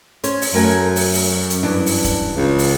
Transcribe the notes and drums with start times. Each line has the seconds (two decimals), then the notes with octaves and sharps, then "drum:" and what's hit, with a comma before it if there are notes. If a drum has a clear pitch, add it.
0.23 C#4 C5 C#5, drum: hi-hat
0.42 drum: open hi-hat
0.54 F#2 A3 A#4 G#5
0.96 drum: open hi-hat
1.14 drum: open hi-hat
1.50 drum: hi-hat
1.63 G2 E3 D4
1.86 drum: open hi-hat
2.04 drum: kick, hi-hat
2.36 C#2
2.59 drum: open hi-hat